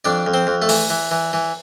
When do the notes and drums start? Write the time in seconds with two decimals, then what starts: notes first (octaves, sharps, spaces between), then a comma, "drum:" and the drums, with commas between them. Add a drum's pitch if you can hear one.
0.05 F2 D4 D5
0.27 F2
0.34 C4 C5
0.47 F2
0.62 A3 A4
0.69 E3, drum: open hi-hat
0.90 E3
1.11 E3
1.33 E3